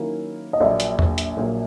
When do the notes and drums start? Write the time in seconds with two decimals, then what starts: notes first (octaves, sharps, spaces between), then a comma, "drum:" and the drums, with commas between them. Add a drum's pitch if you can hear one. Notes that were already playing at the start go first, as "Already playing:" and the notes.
Already playing: D#3 F#3 A#3 C#4 E4
0.53 D#5
0.60 A#1 A#2 F#3 D5 E5
0.80 drum: hi-hat
0.99 drum: tom E2
1.18 drum: hi-hat
1.37 A#1 A#2 F#3